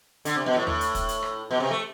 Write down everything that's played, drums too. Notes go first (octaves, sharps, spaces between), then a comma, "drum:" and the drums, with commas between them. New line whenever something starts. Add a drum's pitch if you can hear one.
D3, drum: hi-hat
C3
B2
A2
A2, drum: tom D#2
drum: hi-hat
drum: kick, hi-hat
drum: hi-hat
drum: rim click
B2
C3
A3